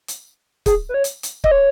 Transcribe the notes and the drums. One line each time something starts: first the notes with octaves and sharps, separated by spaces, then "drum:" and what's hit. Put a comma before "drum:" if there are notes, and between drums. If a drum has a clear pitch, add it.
drum: hi-hat
G#4, drum: kick, hi-hat
B4
C#5
drum: hi-hat
drum: hi-hat
D#5, drum: kick
C#5